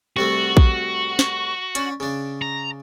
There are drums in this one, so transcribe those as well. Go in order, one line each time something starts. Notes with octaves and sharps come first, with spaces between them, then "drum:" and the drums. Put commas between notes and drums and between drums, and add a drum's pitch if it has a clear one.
C2 G3 A3 F#4
drum: kick A#1
drum: snare
C#4 D4, drum: hi-hat
C#3 D4
A#5